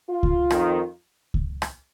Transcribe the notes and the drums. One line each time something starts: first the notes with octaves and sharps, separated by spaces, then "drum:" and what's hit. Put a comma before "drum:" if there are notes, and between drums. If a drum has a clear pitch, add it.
F4
drum: kick C#2
F2 D#3, drum: rim click
drum: kick C#2
drum: rim click